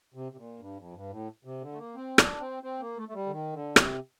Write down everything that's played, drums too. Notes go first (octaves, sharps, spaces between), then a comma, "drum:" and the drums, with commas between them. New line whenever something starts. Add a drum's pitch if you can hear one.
C3
C3
A#2
G2
F2
G2
A2
C3
D3
A3
A#3
C4
D4, drum: rim click
C4
C4
A#3
A3
A3
G3
D3
D#3
D3
C3, drum: rim click